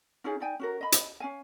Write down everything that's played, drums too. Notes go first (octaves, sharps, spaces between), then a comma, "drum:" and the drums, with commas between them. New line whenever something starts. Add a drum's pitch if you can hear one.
C#4 D#4 F4 G#4
D#4 D5 G5 G#5
C#4 F#4 A#4
D#5 B5
drum: hi-hat
C#4 F5 G#5